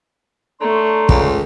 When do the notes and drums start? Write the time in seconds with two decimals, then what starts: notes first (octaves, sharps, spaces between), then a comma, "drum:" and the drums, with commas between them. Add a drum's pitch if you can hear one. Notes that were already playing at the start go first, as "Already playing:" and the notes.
0.61 A3 D4 C#5 A#5 C6
1.09 C#2, drum: kick